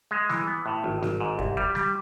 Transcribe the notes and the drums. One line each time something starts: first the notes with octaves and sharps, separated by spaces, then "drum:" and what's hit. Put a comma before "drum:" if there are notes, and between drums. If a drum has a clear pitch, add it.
G#3
E3, drum: snare G3
B3
A2
G#1
G#1, drum: snare G3
G#2
C2, drum: kick
G3, drum: kick
G3, drum: snare G3